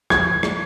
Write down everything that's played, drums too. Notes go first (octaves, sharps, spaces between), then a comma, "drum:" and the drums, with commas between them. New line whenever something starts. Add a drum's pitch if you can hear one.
G#6, drum: rim click
drum: rim click